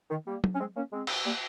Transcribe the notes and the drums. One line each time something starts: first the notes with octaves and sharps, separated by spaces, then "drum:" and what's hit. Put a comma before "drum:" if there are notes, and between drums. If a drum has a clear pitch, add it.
D#3
G3 A#3
drum: tom
C#4
G#3 C4
A#3 C#4
G#3 C4
drum: cymbal
G3 A#3